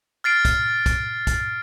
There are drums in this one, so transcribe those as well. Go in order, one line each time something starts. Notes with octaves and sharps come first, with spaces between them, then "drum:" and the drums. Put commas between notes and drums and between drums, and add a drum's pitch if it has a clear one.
F6 A6 C7 D7
drum: kick, hi-hat
drum: kick, hi-hat
drum: kick, hi-hat